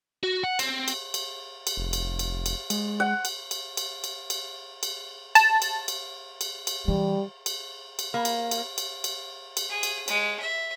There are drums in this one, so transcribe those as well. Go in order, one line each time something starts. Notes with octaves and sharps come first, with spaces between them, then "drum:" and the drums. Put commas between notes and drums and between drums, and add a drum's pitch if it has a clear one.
F#4
F#5
C4, drum: cymbal
drum: cymbal
drum: cymbal
drum: cymbal
F1
drum: cymbal
drum: cymbal
drum: cymbal
G#3, drum: cymbal
F#5
drum: cymbal
drum: cymbal
drum: cymbal
drum: cymbal
drum: cymbal
drum: cymbal
A5, drum: cymbal
drum: cymbal
drum: cymbal
drum: cymbal
drum: cymbal
E3 G3
drum: cymbal
drum: cymbal
A#3
drum: cymbal
drum: cymbal
drum: cymbal
drum: cymbal
drum: cymbal
G#4
drum: cymbal
G#3, drum: cymbal
E5